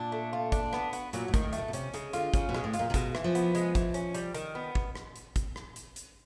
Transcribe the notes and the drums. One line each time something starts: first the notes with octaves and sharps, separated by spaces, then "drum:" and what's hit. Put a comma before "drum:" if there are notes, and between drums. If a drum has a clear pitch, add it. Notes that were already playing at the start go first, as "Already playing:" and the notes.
Already playing: A#2 D4
A3
F4
D4, drum: kick, hi-hat
B3, drum: rim click
F#4, drum: hi-hat
A#2 F#3, drum: hi-hat
A2
D#3, drum: kick, hi-hat
A2
A3, drum: hi-hat
B2
B2
C3 C#4, drum: hi-hat
C#3 G#3, drum: hi-hat
D3 F4, drum: hi-hat
C#3 C#4, drum: kick, hi-hat
B2
G#3, drum: rim click
A2
F4, drum: hi-hat
A#2
C3
B2 G#3, drum: kick, hi-hat
E3, drum: rim click
F3
B3, drum: hi-hat
G#3, drum: hi-hat
E3, drum: kick, hi-hat
C#4, drum: hi-hat
G3, drum: hi-hat
D#3, drum: hi-hat
B3
drum: kick
drum: rim click
drum: hi-hat
drum: kick, hi-hat
drum: rim click
drum: hi-hat
drum: hi-hat